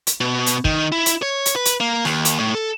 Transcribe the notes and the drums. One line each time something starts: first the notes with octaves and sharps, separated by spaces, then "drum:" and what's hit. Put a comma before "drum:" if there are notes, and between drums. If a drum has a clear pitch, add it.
drum: hi-hat
B2
drum: hi-hat
D#3, drum: kick
E4
drum: hi-hat
C#5
drum: hi-hat
B4
drum: hi-hat
A#3
D#2, drum: rim click
drum: hi-hat
A2
A4